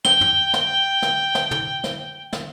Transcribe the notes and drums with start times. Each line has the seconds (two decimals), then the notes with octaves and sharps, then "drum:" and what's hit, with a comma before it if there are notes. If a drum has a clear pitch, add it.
0.05 G5 G7, drum: snare
0.21 drum: tom
0.53 drum: snare
1.02 drum: snare
1.35 drum: snare
1.51 drum: tom
1.84 drum: snare
2.33 drum: snare